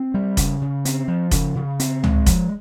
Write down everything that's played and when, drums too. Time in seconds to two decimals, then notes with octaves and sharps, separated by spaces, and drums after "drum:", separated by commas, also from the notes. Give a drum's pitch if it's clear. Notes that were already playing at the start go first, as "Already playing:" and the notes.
Already playing: C4
0.14 G3
0.37 C#3, drum: kick F1, hi-hat
0.62 C#3
0.85 C4, drum: hi-hat
1.08 F3
1.31 C#3, drum: kick F1, hi-hat
1.55 C#3
1.80 C4, drum: hi-hat
2.04 G#3, drum: tom C#2
2.26 F3, drum: kick F1, hi-hat